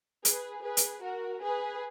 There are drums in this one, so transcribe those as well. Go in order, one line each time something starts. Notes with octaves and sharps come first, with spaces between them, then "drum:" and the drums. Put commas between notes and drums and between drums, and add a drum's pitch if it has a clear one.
G#4 B4, drum: hi-hat
G#4 B4
drum: hi-hat
F#4 A#4
G#4 B4